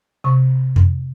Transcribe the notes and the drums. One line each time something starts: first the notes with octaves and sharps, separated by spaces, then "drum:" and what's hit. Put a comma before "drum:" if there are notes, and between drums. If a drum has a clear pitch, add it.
C3 C#6
drum: tom F2